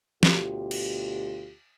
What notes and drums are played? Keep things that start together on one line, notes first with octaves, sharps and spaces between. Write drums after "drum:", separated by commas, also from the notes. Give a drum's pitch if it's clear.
D2 B2 F4 G4, drum: snare
drum: cymbal